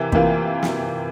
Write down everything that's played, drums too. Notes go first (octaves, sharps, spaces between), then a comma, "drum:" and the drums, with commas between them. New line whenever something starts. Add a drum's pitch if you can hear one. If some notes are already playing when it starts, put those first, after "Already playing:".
Already playing: C3 E3 A#3
C3 E3 A#3 F4, drum: kick
drum: snare